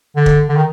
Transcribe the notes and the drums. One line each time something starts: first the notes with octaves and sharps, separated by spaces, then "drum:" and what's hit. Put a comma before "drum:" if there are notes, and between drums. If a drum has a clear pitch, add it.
D3
drum: kick
D3
D#3